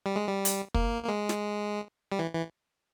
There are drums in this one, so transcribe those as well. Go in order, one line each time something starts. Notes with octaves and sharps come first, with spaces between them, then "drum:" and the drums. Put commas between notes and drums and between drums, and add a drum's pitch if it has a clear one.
G3
G#3
G3
drum: hi-hat
A#3, drum: kick
A#3
G#3
drum: snare
G3
E3
E3